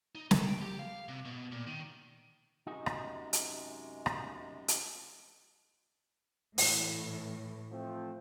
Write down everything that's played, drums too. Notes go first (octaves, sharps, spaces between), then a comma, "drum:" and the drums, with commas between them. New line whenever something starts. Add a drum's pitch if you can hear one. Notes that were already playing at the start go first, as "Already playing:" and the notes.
D#4
A4, drum: snare
G5
G4
F5
C3
B2
A#2
D#3
F#2 C3 G#3 D#4 F#4 G#4
drum: rim click
drum: hi-hat
drum: rim click
drum: hi-hat
A2 E3, drum: open hi-hat
F3 A3 C4